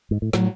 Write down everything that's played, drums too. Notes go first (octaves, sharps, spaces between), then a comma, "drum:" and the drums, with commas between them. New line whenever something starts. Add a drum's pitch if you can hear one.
G#2
A2
A2 F#3, drum: snare